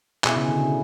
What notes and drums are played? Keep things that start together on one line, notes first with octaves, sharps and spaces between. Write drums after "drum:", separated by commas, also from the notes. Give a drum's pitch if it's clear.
B2 G#3 C#4 E4, drum: clap
C#3
D3
C#3